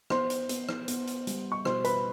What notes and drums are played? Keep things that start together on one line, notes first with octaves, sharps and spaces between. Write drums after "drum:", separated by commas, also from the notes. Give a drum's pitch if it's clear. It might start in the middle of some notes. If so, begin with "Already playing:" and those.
B3 C5 C6, drum: rim click
drum: hi-hat
B3, drum: hi-hat
drum: rim click
B3, drum: hi-hat
drum: hi-hat
G3, drum: hi-hat
C#6
B2 C5 C6, drum: rim click
B4 B5, drum: hi-hat